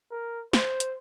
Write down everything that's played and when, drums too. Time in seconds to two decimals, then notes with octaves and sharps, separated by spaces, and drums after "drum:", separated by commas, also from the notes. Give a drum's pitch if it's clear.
0.11 A#4
0.53 C5, drum: snare
0.80 drum: hi-hat